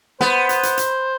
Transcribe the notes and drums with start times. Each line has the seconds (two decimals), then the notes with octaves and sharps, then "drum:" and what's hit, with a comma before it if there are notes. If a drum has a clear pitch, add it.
0.20 B3 C5, drum: snare
0.49 drum: hi-hat
0.63 drum: hi-hat
0.78 drum: hi-hat